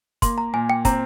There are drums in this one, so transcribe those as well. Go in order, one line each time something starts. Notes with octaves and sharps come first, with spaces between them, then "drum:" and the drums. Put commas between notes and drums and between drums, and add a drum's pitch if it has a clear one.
A#3 C6, drum: kick, hi-hat
A#5
A#2 G#5
G5
C4 A#5, drum: kick, hi-hat